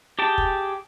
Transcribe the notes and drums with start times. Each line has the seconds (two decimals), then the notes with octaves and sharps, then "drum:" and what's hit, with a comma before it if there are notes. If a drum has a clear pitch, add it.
0.19 G4 G#4 G5 A5
0.38 drum: kick